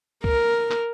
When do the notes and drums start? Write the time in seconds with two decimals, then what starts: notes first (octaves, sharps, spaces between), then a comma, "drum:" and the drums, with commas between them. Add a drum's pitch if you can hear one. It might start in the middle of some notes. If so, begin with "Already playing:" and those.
0.24 A#4, drum: kick C2
0.71 drum: clap